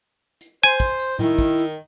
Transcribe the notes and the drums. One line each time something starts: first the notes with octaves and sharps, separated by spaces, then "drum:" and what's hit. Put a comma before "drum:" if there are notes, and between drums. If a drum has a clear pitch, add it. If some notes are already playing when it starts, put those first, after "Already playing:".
drum: hi-hat
C5 G#5
drum: kick, open hi-hat
drum: open hi-hat
D#3 E4, drum: tom A2
drum: kick, hi-hat
drum: hi-hat